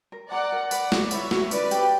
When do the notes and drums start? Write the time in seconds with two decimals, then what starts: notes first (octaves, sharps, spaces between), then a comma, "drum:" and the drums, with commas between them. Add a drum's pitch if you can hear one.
0.12 A#4
0.32 D5 F#5 A#5
0.52 A#4
0.71 B4 D5 F#5, drum: tambourine
0.92 F#4, drum: snare
1.11 B4 C#5 E5, drum: tambourine
1.31 F#4, drum: snare
1.51 C#4 B4 D5, drum: tambourine
1.71 G4, drum: tambourine